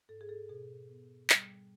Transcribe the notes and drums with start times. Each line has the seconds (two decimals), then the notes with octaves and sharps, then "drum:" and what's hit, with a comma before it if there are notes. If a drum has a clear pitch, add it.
0.09 G#2 A4
0.21 G#4
0.29 A4
0.49 B2 G#4
0.89 B3
1.30 G3, drum: clap